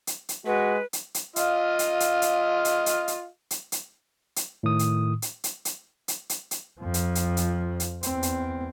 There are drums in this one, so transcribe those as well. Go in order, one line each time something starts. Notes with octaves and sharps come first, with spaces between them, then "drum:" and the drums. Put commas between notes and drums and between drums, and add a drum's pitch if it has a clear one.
drum: hi-hat
drum: hi-hat
G#3 F#4 B4
drum: hi-hat
drum: hi-hat
F4 D#5 F5, drum: hi-hat
drum: hi-hat
drum: hi-hat
drum: hi-hat
drum: hi-hat
drum: hi-hat
drum: hi-hat
drum: hi-hat
drum: hi-hat
drum: hi-hat
A2 D#3 D#6
drum: hi-hat
drum: hi-hat
drum: hi-hat
drum: hi-hat
drum: hi-hat
drum: hi-hat
drum: hi-hat
F2 F3
drum: hi-hat
drum: hi-hat
drum: hi-hat
drum: hi-hat
E2 C4, drum: hi-hat
drum: hi-hat